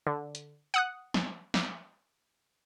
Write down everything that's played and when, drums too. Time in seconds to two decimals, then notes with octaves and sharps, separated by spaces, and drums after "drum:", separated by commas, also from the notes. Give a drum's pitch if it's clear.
0.07 D3
0.35 drum: hi-hat
0.74 F#5 D#6 F#6
1.14 drum: snare
1.54 drum: snare